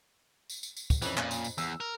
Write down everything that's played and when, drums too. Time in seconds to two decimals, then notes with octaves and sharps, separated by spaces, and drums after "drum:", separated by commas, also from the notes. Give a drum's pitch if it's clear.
0.50 drum: tambourine
0.63 drum: tambourine
0.77 drum: tambourine
0.90 drum: kick, tambourine
1.02 F2 E3 C#4 F#7, drum: tambourine
1.17 A#2, drum: clap
1.31 drum: tambourine
1.44 drum: tambourine
1.58 E2 E6, drum: tambourine
1.80 A#4